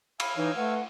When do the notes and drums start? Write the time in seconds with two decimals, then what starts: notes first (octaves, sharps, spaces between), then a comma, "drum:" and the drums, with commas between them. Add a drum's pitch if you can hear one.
0.20 F5 G#5 B5 E6, drum: cymbal
0.37 E3 D#4 C#5
0.56 A3 B4 F#5